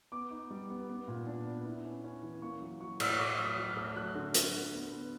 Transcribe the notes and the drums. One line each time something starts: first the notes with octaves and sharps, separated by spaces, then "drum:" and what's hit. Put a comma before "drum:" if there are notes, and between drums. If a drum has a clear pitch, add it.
B3 D6
D#4
G3
B3
B3
A#2
D4
B3
E4
C#4
C#4
E3
A#3 C#6
F#3
F#3 C#6
A2, drum: cymbal
C#6
A2 D6
F#3
D#6
F#3
F6
A3
F#3 F#6
D3
F#3, drum: hi-hat
D3
B3
B3